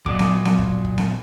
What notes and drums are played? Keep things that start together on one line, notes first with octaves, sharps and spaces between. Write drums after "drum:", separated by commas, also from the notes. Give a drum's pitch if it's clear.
A#2 F#3 D4 D#5 D6, drum: kick
drum: snare B3
drum: snare B3
drum: kick
drum: kick
drum: snare B3